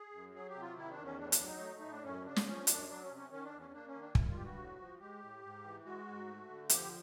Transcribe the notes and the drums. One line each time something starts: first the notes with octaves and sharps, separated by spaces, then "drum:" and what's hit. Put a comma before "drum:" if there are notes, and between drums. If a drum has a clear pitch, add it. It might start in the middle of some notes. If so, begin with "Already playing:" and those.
Already playing: G#4
F#2
F#3 G#4
G4
C3
F4
D#3 E4
D4
E2
C#4
A2 D4
C#4
D4, drum: hi-hat
F#3
D#4
A3
A2 D#4
D4
F#2 C#4
C#3 D4
drum: snare
F3 C#4
F#2 D4, drum: hi-hat
F#3 D4
C#4
C3
C#4
D#3 C#4
D4
E2
C#4
A#3 D4
C#4
D#3
D4
G3 E4, drum: kick
F4
G2 G4
F#4
A2
F3
G#3 G4
A2
G#2
E3
G#3 F#4
G#2
A3
D3
F3 G4, drum: hi-hat